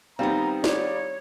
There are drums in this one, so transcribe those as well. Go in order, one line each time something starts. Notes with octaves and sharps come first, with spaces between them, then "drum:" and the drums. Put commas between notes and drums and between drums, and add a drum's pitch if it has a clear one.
D#3 G3 B3 C4 F4 A#5
C#5 D5, drum: snare